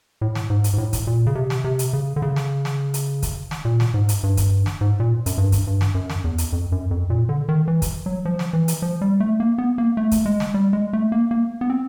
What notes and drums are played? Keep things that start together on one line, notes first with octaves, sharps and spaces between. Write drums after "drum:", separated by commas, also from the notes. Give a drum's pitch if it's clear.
A2
drum: snare
G#2
drum: hi-hat
G#2
A2
drum: kick, hi-hat
A#2
C#3
C3
drum: snare
C3
drum: hi-hat
C#3
D3
C#3
drum: snare
drum: snare
drum: hi-hat
drum: kick, hi-hat
drum: snare
A#2
drum: snare
G#2
drum: hi-hat
G2
drum: kick, hi-hat
drum: snare
G#2
A#2
F#2, drum: hi-hat
G2
drum: kick, hi-hat
G2
drum: snare
F#2
drum: snare
E2
drum: hi-hat
F2
F#2
F2
A#2
D3
D#3
E3
drum: kick, hi-hat
F#3
F3
drum: snare
E3
drum: hi-hat
F3
G3
A3
A#3
B3
A#3
A3
drum: kick, hi-hat
G#3
drum: snare
G3
G#3
A3
A#3
A#3
B3
C4